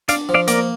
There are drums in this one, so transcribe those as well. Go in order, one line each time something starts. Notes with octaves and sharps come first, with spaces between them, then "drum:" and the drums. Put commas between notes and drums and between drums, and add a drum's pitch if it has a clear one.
D4 D5 F5, drum: hi-hat
F3
D5 F5
A#3 A#4 D5, drum: hi-hat